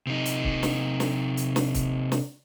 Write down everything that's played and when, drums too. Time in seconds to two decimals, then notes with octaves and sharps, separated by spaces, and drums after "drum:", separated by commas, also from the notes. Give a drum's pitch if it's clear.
0.07 C3 D#4
0.25 drum: hi-hat
0.44 drum: kick
0.63 drum: snare
1.00 drum: snare
1.37 drum: hi-hat
1.56 drum: snare
1.74 drum: kick, hi-hat
2.12 drum: snare